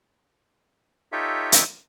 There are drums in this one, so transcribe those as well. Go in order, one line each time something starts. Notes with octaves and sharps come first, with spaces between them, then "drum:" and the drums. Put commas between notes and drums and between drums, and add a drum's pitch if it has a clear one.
D#4 F4 G4 A4 C#5 E5
drum: hi-hat